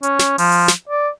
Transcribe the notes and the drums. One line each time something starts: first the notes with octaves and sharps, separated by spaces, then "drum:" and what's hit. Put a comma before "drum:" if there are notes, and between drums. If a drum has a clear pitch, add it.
C#4, drum: hi-hat
drum: snare
F3, drum: open hi-hat
drum: hi-hat
drum: snare
D5